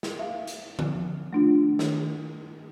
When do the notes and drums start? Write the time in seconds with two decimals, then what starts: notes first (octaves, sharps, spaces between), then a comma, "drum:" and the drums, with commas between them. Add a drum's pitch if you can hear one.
0.03 drum: snare
0.19 E5 F5
0.47 drum: hi-hat
0.79 F3, drum: tom D3
1.33 A3 D4 F4
1.79 D#3, drum: snare